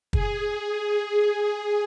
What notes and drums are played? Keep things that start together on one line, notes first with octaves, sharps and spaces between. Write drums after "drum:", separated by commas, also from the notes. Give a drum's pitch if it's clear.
G#4, drum: kick
G#4